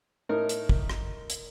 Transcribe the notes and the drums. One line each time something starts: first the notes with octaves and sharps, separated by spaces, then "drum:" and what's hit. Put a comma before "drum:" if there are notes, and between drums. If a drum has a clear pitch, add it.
A2 D#4 A#4
drum: hi-hat
drum: kick
drum: rim click
drum: hi-hat